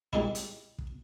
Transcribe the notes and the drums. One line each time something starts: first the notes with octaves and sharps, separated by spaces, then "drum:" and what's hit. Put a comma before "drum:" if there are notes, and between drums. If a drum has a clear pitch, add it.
A#2 G3 G#3 D#4 E4, drum: kick
drum: hi-hat
drum: kick